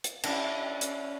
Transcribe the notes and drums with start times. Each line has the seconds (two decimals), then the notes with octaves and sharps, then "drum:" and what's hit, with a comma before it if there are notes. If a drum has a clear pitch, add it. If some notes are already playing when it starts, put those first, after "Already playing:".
0.04 drum: hi-hat
0.24 C#4 D4 E4, drum: cymbal
0.81 drum: hi-hat